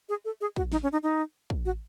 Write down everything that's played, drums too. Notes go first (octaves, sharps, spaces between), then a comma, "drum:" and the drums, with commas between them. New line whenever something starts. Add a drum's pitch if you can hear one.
G#4
A4
G#4
F#4, drum: kick
D#4, drum: snare
C#4
D#4
D#4
drum: kick
F#4